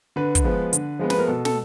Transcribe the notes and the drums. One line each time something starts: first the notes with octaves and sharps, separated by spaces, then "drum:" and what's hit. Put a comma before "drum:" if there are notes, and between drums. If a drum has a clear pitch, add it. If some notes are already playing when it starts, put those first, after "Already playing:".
D3 B4
drum: kick, hi-hat
F3 G#3 B3
D3, drum: hi-hat
F3 G#3 B3
B4, drum: snare
A#4
B2 A4
A4, drum: snare